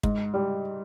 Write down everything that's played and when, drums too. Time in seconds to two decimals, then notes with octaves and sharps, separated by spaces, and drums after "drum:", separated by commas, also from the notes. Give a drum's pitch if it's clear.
0.03 G#2, drum: kick
0.34 G3